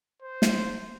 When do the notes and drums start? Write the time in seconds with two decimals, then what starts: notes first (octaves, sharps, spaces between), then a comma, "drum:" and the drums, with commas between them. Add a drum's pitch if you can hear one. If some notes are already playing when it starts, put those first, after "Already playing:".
0.22 C5
0.42 drum: snare